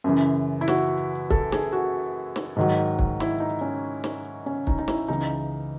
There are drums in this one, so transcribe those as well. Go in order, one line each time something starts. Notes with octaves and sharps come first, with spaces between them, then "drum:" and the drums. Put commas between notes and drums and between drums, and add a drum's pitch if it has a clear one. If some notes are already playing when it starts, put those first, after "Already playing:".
F#2 C#3 E3
E4
F#4, drum: snare
A4, drum: kick
G#4, drum: snare
F#4
drum: snare
G#2 D#3 F#3
drum: kick
E4, drum: snare
D#4
C#4
drum: snare
C#4
D#4, drum: kick
D#4
E4, drum: snare
C#2 C#3 E3 D#4